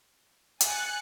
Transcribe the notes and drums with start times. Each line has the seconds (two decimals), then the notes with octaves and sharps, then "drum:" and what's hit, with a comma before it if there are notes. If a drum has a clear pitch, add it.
0.61 G#5 F#6 A6 C#7, drum: hi-hat